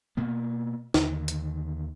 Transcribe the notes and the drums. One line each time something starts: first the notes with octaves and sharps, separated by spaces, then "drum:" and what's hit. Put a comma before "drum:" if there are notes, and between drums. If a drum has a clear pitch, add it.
B2 A#3 B3
D#2 D3 D#3, drum: snare
drum: hi-hat